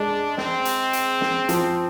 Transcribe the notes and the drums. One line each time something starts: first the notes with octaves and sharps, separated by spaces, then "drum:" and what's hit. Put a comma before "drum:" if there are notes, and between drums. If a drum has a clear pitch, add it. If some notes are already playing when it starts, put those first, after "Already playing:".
Already playing: G#3 D4
C4, drum: snare
drum: hi-hat
drum: hi-hat
drum: snare
F3, drum: hi-hat